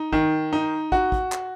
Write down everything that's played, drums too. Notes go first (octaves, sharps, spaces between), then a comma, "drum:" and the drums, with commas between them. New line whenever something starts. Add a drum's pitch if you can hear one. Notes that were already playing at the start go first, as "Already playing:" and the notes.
Already playing: D#4
D#3, drum: kick
D#4
F#4, drum: kick
drum: kick
drum: clap